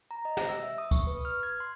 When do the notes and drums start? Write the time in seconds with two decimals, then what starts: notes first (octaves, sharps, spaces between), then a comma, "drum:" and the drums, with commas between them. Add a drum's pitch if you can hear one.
0.11 A#5
0.25 D#5
0.37 A#6, drum: snare
0.49 E6
0.63 E5
0.78 D#6
0.91 C#6, drum: kick, tambourine
1.07 B4
1.25 F6
1.43 G#6
1.60 C6